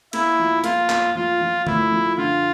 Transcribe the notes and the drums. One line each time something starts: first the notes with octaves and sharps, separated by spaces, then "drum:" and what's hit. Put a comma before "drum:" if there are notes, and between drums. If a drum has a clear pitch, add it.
A#3 E4, drum: cymbal
F3
A#3 F4, drum: hi-hat
A#3, drum: clap
F3 F4
F3
A3 E4, drum: tom D3
F3
D3 F4